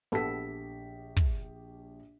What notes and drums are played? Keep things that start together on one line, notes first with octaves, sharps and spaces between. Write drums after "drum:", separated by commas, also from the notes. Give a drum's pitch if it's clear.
A#1 B3 G4 A4 B6
drum: kick